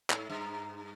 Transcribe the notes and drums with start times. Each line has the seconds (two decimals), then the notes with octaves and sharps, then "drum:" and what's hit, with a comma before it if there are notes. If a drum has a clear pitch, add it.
0.10 G#2, drum: clap
0.30 G2